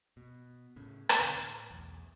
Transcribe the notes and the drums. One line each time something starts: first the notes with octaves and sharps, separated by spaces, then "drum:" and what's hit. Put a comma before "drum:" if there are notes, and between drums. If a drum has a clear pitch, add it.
B2
A2 C#3
drum: rim click
D2 B2 D3
A2
B1 E2